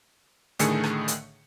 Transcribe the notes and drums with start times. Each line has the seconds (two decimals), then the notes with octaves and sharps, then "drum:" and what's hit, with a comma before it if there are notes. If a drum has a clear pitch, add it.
0.59 A2 D3 D#3 A3 G#4 C#7, drum: hi-hat
0.84 drum: rim click
1.08 drum: hi-hat